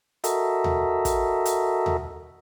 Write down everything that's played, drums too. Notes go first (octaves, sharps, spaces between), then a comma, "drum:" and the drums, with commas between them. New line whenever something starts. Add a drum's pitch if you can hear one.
F#4 A4 A#4 D#5 E5, drum: hi-hat
drum: tom D#2
drum: kick, hi-hat
drum: hi-hat
drum: tom D#2